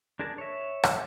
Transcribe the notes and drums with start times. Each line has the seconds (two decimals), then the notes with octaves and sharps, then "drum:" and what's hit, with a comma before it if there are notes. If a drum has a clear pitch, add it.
0.19 D4 G#4 A#4 A5
0.38 C#5 E5
0.84 drum: rim click